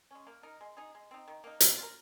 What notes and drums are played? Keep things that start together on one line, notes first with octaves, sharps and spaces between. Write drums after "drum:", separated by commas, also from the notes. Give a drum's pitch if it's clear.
G#3 C#4
A#3
D#4 A#4
G#3
D#4 G#4
G#3
C4 D#4
D#3
A#3 D#4
A#3, drum: hi-hat
F4
A#4